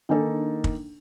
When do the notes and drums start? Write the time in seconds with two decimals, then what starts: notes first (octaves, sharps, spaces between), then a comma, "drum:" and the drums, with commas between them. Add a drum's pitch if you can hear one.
0.09 D#3 A#3 D4 D#4 A4
0.64 drum: kick